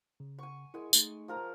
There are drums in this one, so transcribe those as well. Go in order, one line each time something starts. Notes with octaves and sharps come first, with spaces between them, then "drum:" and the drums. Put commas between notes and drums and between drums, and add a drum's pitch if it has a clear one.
C#3
G#5 C#6
G#3 E4 A#4 G#5
A3 D#4, drum: tambourine
F3 A#4 A#5